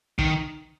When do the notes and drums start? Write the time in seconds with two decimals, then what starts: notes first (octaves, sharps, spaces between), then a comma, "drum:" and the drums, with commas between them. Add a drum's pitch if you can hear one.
0.18 D#3, drum: kick